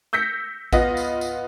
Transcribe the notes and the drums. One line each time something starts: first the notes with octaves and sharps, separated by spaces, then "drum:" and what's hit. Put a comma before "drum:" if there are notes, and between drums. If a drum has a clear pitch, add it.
E6 G6 A#6 B6 C#7
B3 F4 D#5 A#6, drum: kick A1, tambourine
drum: tambourine
drum: tambourine